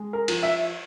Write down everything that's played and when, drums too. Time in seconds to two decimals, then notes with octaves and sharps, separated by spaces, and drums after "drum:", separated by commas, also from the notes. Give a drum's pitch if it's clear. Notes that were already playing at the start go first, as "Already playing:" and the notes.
Already playing: G#3
0.13 A#4
0.28 F3, drum: cymbal
0.43 E5